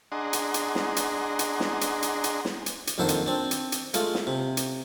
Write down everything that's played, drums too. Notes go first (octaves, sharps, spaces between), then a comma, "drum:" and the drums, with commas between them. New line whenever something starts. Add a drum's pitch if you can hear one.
D4 G#4 D#5 F#5 A#5 C6
drum: hi-hat
drum: hi-hat
drum: snare
drum: hi-hat
drum: hi-hat
drum: snare
drum: hi-hat
drum: hi-hat
drum: hi-hat
drum: snare
drum: hi-hat
drum: hi-hat
A#1 F2 D#3 A4 C5 F#5
drum: hi-hat
C4 D4
drum: hi-hat
drum: hi-hat
G#3 A3 F4, drum: hi-hat
drum: snare
C3
drum: hi-hat